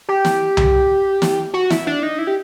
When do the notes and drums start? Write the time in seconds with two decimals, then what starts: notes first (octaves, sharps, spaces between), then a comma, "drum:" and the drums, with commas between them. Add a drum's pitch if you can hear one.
0.09 G4
0.25 drum: snare
0.57 drum: tom C2
1.22 drum: snare
1.54 F#4
1.70 E4, drum: snare
1.87 D4
2.03 D#4
2.19 E4
2.27 G4